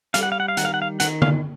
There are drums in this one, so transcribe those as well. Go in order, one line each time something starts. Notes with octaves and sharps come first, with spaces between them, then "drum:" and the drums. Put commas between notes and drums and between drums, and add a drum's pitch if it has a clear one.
G3 F5, drum: hi-hat
F#5
F5
F#5
F5
D#3 F#5, drum: hi-hat
F5
F#5
F5
D#3 F#5, drum: hi-hat
F5, drum: tom D3